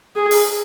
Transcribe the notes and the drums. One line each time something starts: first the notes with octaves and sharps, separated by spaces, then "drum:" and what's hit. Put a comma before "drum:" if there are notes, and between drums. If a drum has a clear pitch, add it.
G#4
drum: open hi-hat